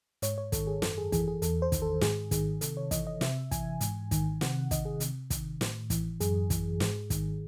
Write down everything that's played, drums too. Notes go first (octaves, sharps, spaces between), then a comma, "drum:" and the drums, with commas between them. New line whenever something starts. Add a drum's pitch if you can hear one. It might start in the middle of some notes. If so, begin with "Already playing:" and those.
G#2 C#5, drum: hi-hat
C#5
D#3 A4, drum: kick, hi-hat
G#4
F#2 A4, drum: snare
G#4
E3 G#4, drum: kick, hi-hat
G#4
E2 A4, drum: hi-hat
C5
D#3, drum: kick, hi-hat
A4
G#2 G#4, drum: snare
D#3 G#4, drum: kick, hi-hat
C3 A4, drum: hi-hat
C#5
E3 D#5, drum: kick, hi-hat
D#5
C3 E5, drum: snare
E3 G#5, drum: kick, hi-hat
G#2, drum: hi-hat
D#3, drum: kick, hi-hat
C3 F#5, drum: snare
D#3 D#5, drum: kick, hi-hat
G#4
C3, drum: hi-hat
D#3, drum: kick, hi-hat
A2, drum: snare
E3, drum: kick, hi-hat
F#2 G#4, drum: hi-hat
E3, drum: kick, hi-hat
G#2, drum: snare
D#3, drum: kick, hi-hat